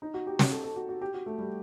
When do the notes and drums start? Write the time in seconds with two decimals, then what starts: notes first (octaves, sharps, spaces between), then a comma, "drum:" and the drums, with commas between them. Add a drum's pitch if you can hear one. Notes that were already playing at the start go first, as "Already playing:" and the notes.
0.02 D#4
0.14 F#4
0.27 G4
0.39 G4, drum: snare
0.52 A4
0.64 A4
0.76 F#4
0.89 F#4
1.01 G4
1.14 F#4
1.26 A3
1.38 G3